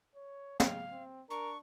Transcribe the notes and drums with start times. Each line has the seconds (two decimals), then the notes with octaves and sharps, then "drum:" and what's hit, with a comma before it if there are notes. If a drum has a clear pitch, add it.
0.16 C#5
0.60 F5 G5, drum: snare
0.91 C4
1.30 D4 A#4 C#6